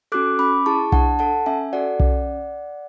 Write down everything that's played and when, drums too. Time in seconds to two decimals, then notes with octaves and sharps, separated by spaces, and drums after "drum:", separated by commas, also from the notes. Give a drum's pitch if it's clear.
0.12 C#4 F#4 A4 D6 F#6
0.39 C#4 B5 D6
0.66 E4 G#4 A5 C#6
0.92 D4 F#5 A5, drum: kick B1
1.19 A4 F#5 A5
1.46 C#4 E5 G#5
1.73 F#4 A4 D5 F#5
2.00 C#4, drum: kick B1